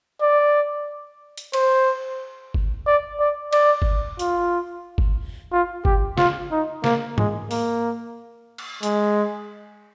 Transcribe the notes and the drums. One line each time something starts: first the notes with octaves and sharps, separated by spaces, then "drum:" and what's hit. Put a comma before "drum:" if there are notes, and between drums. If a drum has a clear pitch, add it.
D5
drum: hi-hat
C5, drum: cymbal
drum: kick G1
D5
D5
D5, drum: cymbal
drum: kick G1
F4, drum: hi-hat
drum: kick G1
F4
G4, drum: kick G1
F4, drum: snare
D#4
A#3, drum: snare
G#3, drum: tom G#2
A#3, drum: open hi-hat
drum: cymbal
G#3, drum: hi-hat